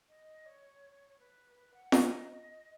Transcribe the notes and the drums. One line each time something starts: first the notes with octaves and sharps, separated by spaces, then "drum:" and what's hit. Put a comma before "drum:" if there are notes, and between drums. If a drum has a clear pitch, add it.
D#5
C#5
B4
B4
F#5
D#5, drum: snare